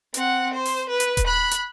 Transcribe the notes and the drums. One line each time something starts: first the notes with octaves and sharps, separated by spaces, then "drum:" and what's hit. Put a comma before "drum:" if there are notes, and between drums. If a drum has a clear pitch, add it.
C4 F#5, drum: hi-hat
C5
drum: open hi-hat
B4
drum: hi-hat
drum: kick D#1, hi-hat
B5 F#6
drum: hi-hat